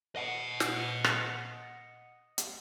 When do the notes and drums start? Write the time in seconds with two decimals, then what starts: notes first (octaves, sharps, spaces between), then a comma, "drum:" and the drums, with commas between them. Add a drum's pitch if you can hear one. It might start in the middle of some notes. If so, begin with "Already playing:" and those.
0.16 D#5 F#5
0.60 drum: snare
1.04 drum: rim click
2.38 drum: hi-hat